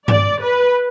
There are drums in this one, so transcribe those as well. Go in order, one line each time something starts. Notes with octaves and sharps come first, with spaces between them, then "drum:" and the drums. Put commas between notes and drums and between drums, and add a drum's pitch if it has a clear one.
D5, drum: tom G2
B4